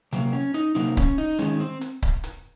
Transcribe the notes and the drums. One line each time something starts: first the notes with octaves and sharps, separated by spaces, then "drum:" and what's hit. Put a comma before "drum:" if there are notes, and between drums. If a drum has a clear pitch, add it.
C3 F#3 A#3, drum: hi-hat
C#4
D#4, drum: hi-hat
C3 F#3 A#3 D#4
C#4, drum: kick C#1
D#4
D#3 G#3 C#4, drum: hi-hat
C4
drum: hi-hat
drum: kick C#1
drum: hi-hat